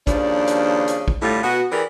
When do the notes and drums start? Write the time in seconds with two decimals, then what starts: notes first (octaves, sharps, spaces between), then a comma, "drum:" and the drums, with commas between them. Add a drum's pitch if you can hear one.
0.07 D#2 C#3 F3 D4, drum: kick, hi-hat
0.47 drum: hi-hat
0.88 drum: hi-hat
1.08 drum: kick
1.22 A2 D3 G3 A3 F4
1.44 B2 B3 F#4
1.71 E3 G4 G#4 A#4 D5